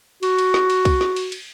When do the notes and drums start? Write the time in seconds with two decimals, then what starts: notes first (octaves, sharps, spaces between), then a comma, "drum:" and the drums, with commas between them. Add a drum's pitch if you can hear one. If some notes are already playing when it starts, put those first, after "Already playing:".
0.23 F#4, drum: cymbal
0.38 drum: cymbal
0.54 drum: snare
0.70 drum: cymbal
0.85 drum: kick, cymbal
1.01 drum: snare
1.16 drum: cymbal
1.32 drum: cymbal